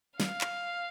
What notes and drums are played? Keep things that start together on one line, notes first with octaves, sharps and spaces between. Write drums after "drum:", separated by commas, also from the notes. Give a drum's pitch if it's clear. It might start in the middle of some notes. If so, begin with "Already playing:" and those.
F5, drum: snare
drum: clap